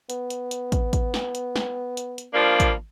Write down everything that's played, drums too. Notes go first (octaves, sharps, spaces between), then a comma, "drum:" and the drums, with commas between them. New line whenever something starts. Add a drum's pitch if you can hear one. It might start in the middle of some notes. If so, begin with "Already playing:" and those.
B3, drum: hi-hat
drum: hi-hat
drum: hi-hat
drum: kick, hi-hat
drum: kick, hi-hat
drum: snare
drum: hi-hat
drum: snare
drum: hi-hat
drum: hi-hat
F3 G3 A#3 D4
drum: kick, hi-hat